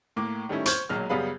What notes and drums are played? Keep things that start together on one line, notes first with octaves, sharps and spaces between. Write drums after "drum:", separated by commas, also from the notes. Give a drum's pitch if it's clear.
A2 A#3 D6
D#3 G3 A3 C#4 E4
C5 C#6 F6 G6 G#6, drum: hi-hat
B1 A#2 F#3 G#3 F6
F#2 C#3 G3 B3 F5 B5